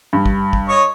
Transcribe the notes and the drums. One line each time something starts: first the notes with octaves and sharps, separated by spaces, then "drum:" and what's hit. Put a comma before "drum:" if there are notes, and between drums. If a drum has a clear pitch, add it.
G2
drum: kick
drum: kick
C#5 D#5 C#6